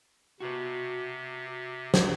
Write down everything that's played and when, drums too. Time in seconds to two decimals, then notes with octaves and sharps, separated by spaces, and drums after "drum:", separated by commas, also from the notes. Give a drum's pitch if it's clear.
0.40 C3 F#4 B4
1.94 drum: snare